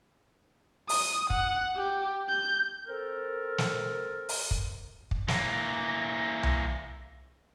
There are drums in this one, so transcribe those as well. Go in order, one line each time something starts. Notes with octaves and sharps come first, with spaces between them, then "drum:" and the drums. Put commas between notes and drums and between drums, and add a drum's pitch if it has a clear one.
D#6, drum: open hi-hat
F#5, drum: kick
G4
G6
C4 A4 A#4
drum: snare
drum: open hi-hat
drum: kick
drum: kick
E3 A#3, drum: snare
drum: tom C2